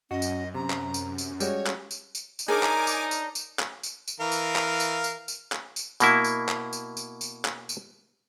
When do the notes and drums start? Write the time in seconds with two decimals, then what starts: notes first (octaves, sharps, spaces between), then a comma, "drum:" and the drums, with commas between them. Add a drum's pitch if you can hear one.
0.11 F#2 C#4 F#4 D#5
0.22 drum: tambourine
0.55 C3 C#4 A#5
0.70 drum: clap
0.94 drum: tambourine
1.18 drum: tambourine
1.40 G3 G#3 F#4 C#5, drum: tambourine
1.67 drum: clap
1.91 drum: tambourine
2.15 drum: tambourine
2.39 drum: tambourine
2.48 D4 D#4 G#4 A#4 C#5 G#5 D6
2.63 drum: clap
2.87 drum: tambourine
3.11 drum: tambourine
3.35 drum: tambourine
3.59 drum: clap
3.83 drum: tambourine
4.08 drum: tambourine
4.20 E3 A#4 F5
4.32 drum: tambourine
4.56 drum: clap
4.80 drum: tambourine
5.04 drum: tambourine
5.28 drum: tambourine
5.52 drum: clap
5.76 drum: tambourine
6.00 B2 A#3 E4, drum: tambourine
6.24 drum: tambourine
6.49 drum: clap
6.73 drum: tambourine
6.97 drum: tambourine
7.21 drum: tambourine
7.45 drum: clap
7.69 drum: tambourine